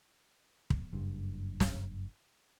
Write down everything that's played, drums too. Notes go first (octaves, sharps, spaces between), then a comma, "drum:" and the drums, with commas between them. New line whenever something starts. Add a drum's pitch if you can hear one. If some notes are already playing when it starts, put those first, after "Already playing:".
drum: kick
F#1 G2
drum: snare